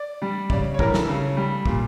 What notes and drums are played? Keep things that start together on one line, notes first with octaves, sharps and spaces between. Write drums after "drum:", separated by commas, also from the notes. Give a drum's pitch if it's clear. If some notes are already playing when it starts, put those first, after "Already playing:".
Already playing: D5
G3
C#3 D5, drum: kick
C#5
E3 G3 A#4, drum: kick
A4, drum: snare
C#3
G3
A#2 F4, drum: kick